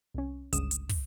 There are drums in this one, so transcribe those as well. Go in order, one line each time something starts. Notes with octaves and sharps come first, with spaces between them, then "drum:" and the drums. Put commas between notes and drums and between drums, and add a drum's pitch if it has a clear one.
C2 C#4
G1 C#2 D#6 E7, drum: hi-hat
drum: hi-hat
drum: kick, open hi-hat